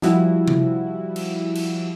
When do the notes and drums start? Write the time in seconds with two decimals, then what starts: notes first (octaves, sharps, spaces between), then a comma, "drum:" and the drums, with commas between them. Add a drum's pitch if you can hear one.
0.02 F3 G3 E4 F#4, drum: snare
0.48 drum: tom C3
1.16 drum: cymbal
1.55 drum: cymbal